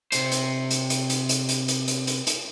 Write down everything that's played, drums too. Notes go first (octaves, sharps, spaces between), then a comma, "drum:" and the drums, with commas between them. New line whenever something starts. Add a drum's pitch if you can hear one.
C3 C5, drum: hi-hat
drum: hi-hat
drum: hi-hat
drum: hi-hat
drum: hi-hat
drum: hi-hat
drum: hi-hat
drum: hi-hat
drum: hi-hat
drum: hi-hat
drum: hi-hat